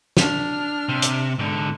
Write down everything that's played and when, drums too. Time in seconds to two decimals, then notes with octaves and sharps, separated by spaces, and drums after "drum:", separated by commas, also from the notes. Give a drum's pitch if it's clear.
0.17 D4 F6, drum: snare
0.89 C3
1.02 drum: hi-hat
1.39 G#2 D3